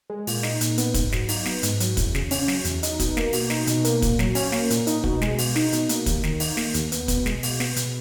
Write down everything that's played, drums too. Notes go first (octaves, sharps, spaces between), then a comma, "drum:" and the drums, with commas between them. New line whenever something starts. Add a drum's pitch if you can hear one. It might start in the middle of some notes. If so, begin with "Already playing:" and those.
G#3
A#2, drum: open hi-hat
D#4, drum: snare
A#2, drum: hi-hat
B3, drum: hi-hat
G#2, drum: kick, hi-hat
F#3, drum: snare
D#4, drum: open hi-hat
B3, drum: snare
G#2, drum: hi-hat
F#3, drum: hi-hat
E2, drum: kick, hi-hat
C#3, drum: snare
C#4, drum: open hi-hat
F#3, drum: snare
E2, drum: hi-hat
D#4, drum: hi-hat
B2, drum: kick, hi-hat
A#3, drum: snare
B2, drum: open hi-hat
D#4, drum: snare
B2, drum: hi-hat
A#3, drum: hi-hat
A#2, drum: kick, hi-hat
F#3, drum: snare
C#4, drum: open hi-hat
A#3, drum: snare
A#2, drum: hi-hat
D#4, drum: hi-hat
B2, drum: kick
G#3, drum: snare
B2, drum: open hi-hat
D#4, drum: snare
B2, drum: hi-hat
A#3, drum: hi-hat
D#2, drum: kick, hi-hat
D#3, drum: snare
D#4, drum: open hi-hat
A#3, drum: snare
D#2, drum: hi-hat
B3, drum: hi-hat
B2, drum: kick, hi-hat
G#3, drum: snare
B2, drum: open hi-hat
B3, drum: snare
B2, drum: hi-hat